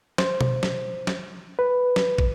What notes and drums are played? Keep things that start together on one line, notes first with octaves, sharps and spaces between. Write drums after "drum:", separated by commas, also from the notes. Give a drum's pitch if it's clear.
C5, drum: snare
drum: tom B2
drum: snare
drum: snare
B4
drum: snare
drum: kick